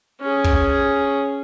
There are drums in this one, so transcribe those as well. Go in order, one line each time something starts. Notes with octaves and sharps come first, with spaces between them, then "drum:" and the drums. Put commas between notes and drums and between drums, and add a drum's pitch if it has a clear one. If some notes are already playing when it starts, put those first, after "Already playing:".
C#4 G#4
drum: kick